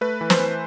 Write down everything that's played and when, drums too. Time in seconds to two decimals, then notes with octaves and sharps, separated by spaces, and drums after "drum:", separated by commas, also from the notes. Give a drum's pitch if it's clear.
0.01 A3 B4
0.21 E3
0.30 C5, drum: snare
0.40 E3